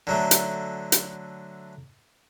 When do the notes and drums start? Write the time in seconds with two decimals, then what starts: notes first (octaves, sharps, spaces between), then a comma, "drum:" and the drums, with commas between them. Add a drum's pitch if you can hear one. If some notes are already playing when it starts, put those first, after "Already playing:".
0.07 D3 F#3 A3
0.31 drum: hi-hat
0.92 drum: hi-hat